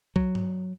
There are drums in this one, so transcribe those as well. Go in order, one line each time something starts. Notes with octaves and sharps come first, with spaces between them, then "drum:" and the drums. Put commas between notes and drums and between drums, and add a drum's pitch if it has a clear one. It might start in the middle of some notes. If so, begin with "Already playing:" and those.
F#3, drum: kick B1
drum: tom G2